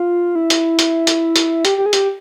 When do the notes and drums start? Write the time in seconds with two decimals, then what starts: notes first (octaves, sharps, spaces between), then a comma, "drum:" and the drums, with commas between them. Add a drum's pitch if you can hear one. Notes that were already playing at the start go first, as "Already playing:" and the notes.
Already playing: F4
0.35 E4
0.50 drum: hi-hat
0.79 drum: hi-hat
1.07 drum: hi-hat
1.36 drum: hi-hat
1.65 G4, drum: hi-hat
1.78 G4
1.86 G#4
1.93 G4, drum: hi-hat